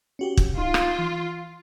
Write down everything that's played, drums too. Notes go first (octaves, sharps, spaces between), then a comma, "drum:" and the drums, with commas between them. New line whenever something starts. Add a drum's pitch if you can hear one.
C#4 F#4 G4
drum: kick
D#4 F4
drum: rim click
E3